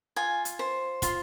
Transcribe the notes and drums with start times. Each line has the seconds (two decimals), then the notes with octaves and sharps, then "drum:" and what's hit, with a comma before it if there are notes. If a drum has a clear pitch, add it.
0.16 F4 G#5
0.45 drum: hi-hat
0.59 C5
1.02 F4 C6, drum: kick, hi-hat